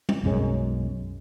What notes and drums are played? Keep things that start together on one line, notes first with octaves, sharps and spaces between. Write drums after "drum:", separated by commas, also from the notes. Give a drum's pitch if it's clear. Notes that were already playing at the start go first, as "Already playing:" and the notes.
drum: tom G3
B1 F#2 G#3 C#4